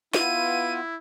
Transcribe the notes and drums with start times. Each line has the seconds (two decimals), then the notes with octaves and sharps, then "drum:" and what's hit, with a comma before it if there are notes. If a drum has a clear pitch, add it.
0.14 B3 E4 F4 D#7, drum: snare